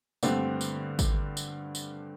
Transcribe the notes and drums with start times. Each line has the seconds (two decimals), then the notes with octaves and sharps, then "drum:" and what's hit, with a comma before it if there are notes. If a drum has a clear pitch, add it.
0.23 G2 D3 A3 C4, drum: tambourine
0.61 drum: tambourine
0.99 drum: kick G#1, tambourine
1.37 drum: tambourine
1.75 drum: tambourine